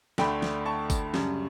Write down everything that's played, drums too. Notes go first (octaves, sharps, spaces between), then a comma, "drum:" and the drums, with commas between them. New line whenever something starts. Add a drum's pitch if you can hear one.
D2 D3 A3 D4 G5 B5, drum: snare
drum: snare
A5 C#6
drum: kick, tambourine
F#2 C#3 G3, drum: snare